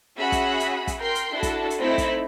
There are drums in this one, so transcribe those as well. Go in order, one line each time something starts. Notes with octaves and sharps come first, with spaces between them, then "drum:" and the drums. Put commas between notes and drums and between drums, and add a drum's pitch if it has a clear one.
C#4 F#4 G#4 E5 F#5 B5
drum: kick, hi-hat
drum: hi-hat
drum: kick, hi-hat
A#4 G5 C6
drum: hi-hat
D4 E4 F#4 A4
drum: kick, hi-hat
drum: hi-hat
A3 C4 D#4 E4 B6
drum: kick, hi-hat